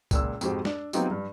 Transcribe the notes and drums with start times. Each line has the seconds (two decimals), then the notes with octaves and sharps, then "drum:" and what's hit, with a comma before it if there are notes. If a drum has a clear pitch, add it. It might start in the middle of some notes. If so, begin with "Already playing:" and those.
0.11 C#2 A#2 E6, drum: kick C#2, tambourine
0.41 F2 G#2 F#4 G4 C5, drum: tambourine
0.65 D4, drum: snare
0.93 F#3 B3 C4 D#4 F4 G4, drum: tambourine
1.11 G2